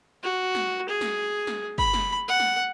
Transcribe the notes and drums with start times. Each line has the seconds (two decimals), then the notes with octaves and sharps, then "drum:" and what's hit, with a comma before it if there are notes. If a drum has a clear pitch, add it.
0.23 F#4
0.55 drum: snare
0.89 G#4
1.01 drum: snare
1.47 drum: snare
1.78 B5, drum: kick
1.94 drum: snare
2.28 F#5
2.40 drum: snare